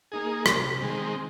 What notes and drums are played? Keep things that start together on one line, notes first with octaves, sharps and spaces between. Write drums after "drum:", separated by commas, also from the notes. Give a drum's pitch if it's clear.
A#3 D#4 G#4
C3, drum: rim click
D#3 G#3 C4